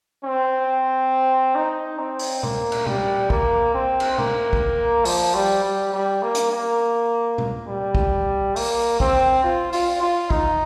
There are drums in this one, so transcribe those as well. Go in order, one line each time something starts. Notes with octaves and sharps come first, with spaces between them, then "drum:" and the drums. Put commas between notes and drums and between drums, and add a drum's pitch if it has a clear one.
C4
D#4
C4
drum: open hi-hat
A#3, drum: tom B2
drum: cymbal
G3, drum: tom B2
A#3, drum: kick
C4
drum: cymbal
A#3, drum: tom B2
drum: kick
F3, drum: open hi-hat
G3
G3
G3
A#3
drum: hi-hat
A#3
drum: tom B2
G3
drum: kick
A#3, drum: open hi-hat
C4, drum: kick
F4
F4, drum: open hi-hat
F4
D#4, drum: kick